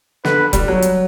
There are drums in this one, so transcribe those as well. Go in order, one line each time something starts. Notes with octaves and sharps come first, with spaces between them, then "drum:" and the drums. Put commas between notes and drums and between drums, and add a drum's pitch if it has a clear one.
D3 B4, drum: snare
G3, drum: kick E1, hi-hat
F#3
drum: hi-hat